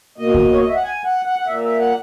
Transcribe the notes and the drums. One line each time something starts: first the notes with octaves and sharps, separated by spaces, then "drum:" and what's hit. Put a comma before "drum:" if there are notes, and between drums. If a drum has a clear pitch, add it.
B2 A#3 D#5
drum: kick C#2
C#5
D#5
E5
F#5
G#5
F#5
F#5
F#5
A#2 A#3 E5
E5
F#5